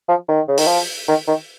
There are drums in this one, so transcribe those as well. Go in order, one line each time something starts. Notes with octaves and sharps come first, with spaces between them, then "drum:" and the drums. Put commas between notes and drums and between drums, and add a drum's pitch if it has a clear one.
F3
D#3
C#3
D#3, drum: open hi-hat
F3
D#3
D#3